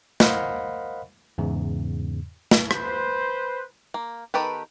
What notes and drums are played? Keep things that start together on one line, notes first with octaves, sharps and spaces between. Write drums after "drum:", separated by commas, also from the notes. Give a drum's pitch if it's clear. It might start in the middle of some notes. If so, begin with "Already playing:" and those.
A#4 C5 D#5 F5 F#5 B5, drum: snare
E2 G#2 C#3
drum: snare
B4 C5, drum: rim click
A#3
D#3 B3 G4 A4 B4